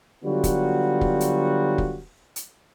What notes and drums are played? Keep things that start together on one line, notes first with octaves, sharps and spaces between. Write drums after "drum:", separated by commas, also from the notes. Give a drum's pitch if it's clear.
D3 F#3 G3 B3 F4 F#4
drum: kick, hi-hat
drum: kick
drum: hi-hat
drum: kick
drum: hi-hat